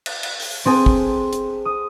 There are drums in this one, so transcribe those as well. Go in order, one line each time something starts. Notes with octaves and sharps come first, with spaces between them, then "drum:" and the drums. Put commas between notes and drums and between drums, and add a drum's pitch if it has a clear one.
drum: cymbal
drum: cymbal
drum: open hi-hat
C4 G#4 A4
drum: kick
drum: hi-hat
D#6